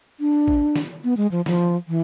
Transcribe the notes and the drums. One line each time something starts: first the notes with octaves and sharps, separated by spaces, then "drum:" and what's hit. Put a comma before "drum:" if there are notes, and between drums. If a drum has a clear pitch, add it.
D4
drum: kick
drum: snare
B3
G#3
F3
F3, drum: snare
E3